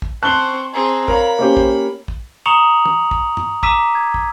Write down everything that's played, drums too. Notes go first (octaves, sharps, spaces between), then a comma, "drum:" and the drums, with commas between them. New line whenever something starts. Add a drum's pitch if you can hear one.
drum: kick
C4 C5 A5 C#6 F#6 G7
C4 G#4 A#5
A#4 C#5 F5 B5, drum: kick
A#3 C#4 G4 C5
drum: kick
drum: kick
A#5 C#6 D#6 C#7 F7 F#7
drum: tom
drum: kick
drum: tom
A#5 D6 E6 B6 D#7, drum: kick
G#6
drum: kick